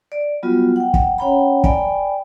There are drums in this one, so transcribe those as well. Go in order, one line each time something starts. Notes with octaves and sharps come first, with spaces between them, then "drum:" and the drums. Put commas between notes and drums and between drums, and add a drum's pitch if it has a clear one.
D5
F#3 G3 B3 F4 F#4
F#5 G5
drum: kick
C#4 C#5 F#5 G5 A#5 B5
D5 G5 G#5 B5, drum: kick